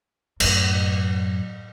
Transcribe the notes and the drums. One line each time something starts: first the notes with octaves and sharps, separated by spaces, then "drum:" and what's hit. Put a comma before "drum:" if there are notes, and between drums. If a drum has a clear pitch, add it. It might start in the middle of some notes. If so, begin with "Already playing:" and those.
F#2 A2, drum: cymbal